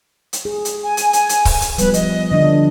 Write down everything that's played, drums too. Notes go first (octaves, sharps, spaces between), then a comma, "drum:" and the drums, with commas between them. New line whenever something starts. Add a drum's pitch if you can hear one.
drum: hi-hat
G#4
drum: hi-hat
G#5
drum: hi-hat
drum: hi-hat
drum: hi-hat
drum: kick C#1, open hi-hat
drum: hi-hat
F3 G3 B3 B4, drum: hi-hat
D#5, drum: hi-hat
D3 F3 D4